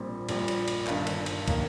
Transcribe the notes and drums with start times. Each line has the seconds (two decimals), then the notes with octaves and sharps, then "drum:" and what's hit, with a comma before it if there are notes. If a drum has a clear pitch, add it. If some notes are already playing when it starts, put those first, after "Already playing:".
Already playing: A#1 A#2 G3 C4
0.29 A#1 A#2 G3, drum: cymbal
0.48 drum: cymbal
0.68 drum: cymbal
0.87 G1 G2 D#3 F5, drum: clap
1.07 drum: cymbal
1.26 drum: cymbal
1.48 D#3 A#3, drum: kick, cymbal